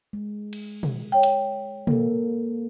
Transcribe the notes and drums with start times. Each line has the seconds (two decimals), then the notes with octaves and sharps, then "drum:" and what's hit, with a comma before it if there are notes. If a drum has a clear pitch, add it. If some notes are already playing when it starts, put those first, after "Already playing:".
0.13 G#3
0.53 drum: cymbal
0.83 drum: tom
1.12 C#5 G5
1.23 drum: hi-hat
1.87 A#3 A4, drum: tom